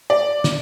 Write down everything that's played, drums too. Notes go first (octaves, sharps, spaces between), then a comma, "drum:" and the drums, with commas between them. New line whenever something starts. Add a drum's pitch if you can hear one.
D5
drum: snare